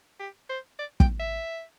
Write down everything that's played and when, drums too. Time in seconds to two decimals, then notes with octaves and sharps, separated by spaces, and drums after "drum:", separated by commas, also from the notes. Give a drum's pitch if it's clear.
0.20 G4
0.49 C5
0.79 D5
1.00 G5, drum: kick
1.19 E5